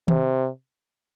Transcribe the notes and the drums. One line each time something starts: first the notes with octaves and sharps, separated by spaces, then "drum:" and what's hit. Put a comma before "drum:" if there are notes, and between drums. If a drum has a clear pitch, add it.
C3, drum: tom D#3